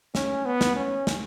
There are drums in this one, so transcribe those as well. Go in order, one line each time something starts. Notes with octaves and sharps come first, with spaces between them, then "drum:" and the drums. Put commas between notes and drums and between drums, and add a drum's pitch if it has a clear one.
C#4, drum: snare
B3
drum: snare
C#4
drum: snare